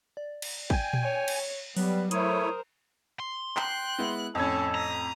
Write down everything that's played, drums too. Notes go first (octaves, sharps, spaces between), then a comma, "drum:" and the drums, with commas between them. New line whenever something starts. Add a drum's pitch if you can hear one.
D5
drum: cymbal
G5 G#5, drum: kick
drum: tom A#2
C#5
drum: cymbal
F#3 G3 B3 B4, drum: open hi-hat
A3 E4 A#4 C5 C#5 D#6, drum: hi-hat
C6
G5 F#6, drum: clap
G#3 B3 E4
F2 A2 C#4 A4 G#6
A#5 D#6